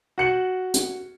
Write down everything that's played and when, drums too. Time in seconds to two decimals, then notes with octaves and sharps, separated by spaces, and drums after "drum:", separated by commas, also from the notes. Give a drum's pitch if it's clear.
0.18 F#4 C#7 F#7
0.74 drum: hi-hat